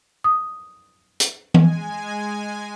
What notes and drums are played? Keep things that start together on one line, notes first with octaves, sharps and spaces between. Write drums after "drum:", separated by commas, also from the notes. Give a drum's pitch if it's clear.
D#6
drum: hi-hat
G#3 G#5, drum: tom E3